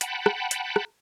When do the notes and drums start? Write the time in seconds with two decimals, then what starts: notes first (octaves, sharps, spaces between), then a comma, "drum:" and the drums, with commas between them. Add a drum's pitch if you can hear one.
0.01 F#5 G5 A5 B5, drum: hi-hat
0.26 drum: rim click
0.51 drum: hi-hat
0.76 drum: rim click